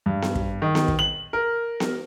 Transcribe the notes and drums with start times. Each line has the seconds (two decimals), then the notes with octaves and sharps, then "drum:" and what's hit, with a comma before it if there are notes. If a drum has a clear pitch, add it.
0.06 G2
0.22 drum: snare B3
0.36 drum: kick
0.62 D#3
0.75 drum: snare B3
0.88 drum: kick
0.99 F#7
1.33 A#4
1.80 drum: snare B3